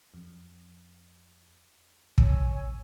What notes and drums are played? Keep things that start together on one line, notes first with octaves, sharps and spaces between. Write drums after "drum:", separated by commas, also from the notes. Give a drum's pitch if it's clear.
F2
D#2 C3 C#5 G#5 E6, drum: kick